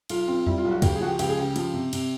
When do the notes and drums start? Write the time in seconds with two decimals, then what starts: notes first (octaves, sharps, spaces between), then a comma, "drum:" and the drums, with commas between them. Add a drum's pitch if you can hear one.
0.09 B1 F4, drum: cymbal
0.28 C4 F4
0.46 G3 E4, drum: tom E2
0.58 F4
0.64 B1
0.71 F#4
0.82 C#2 G4, drum: kick, cymbal
0.95 G#4
1.01 F3 F#4
1.07 G4
1.19 C#2 G4, drum: cymbal
1.29 G#4
1.38 C#3 G4
1.56 F3, drum: cymbal
1.74 C3
1.93 C3, drum: cymbal